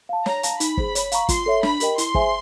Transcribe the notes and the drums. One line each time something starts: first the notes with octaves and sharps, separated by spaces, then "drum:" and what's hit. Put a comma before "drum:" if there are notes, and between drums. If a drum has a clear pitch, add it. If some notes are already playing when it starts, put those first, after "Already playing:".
F5 A5
C#5 A#5, drum: snare
F5 A5, drum: hi-hat
D#4 B5, drum: hi-hat
G#4 C5, drum: kick
C#5, drum: hi-hat
F5 A#5 C#6, drum: hi-hat
F4 C6, drum: kick, hi-hat
A4 C#5 E5
D4 B5, drum: snare
G4 A#4 D#5 G5, drum: hi-hat
E4 C6, drum: hi-hat
G#4 C5 E5 G#5, drum: kick